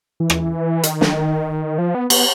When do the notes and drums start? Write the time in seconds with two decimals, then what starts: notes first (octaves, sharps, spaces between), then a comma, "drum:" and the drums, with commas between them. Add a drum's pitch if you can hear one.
0.20 E3
0.30 drum: rim click
0.83 D#3, drum: hi-hat
1.01 drum: snare
1.78 F3
1.95 B3
2.10 B3, drum: cymbal